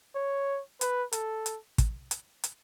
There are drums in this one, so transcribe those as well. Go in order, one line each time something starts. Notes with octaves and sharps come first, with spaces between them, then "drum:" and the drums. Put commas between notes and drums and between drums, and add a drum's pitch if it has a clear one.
C#5
B4, drum: hi-hat
A4, drum: hi-hat
drum: hi-hat
drum: kick, hi-hat
drum: hi-hat
drum: hi-hat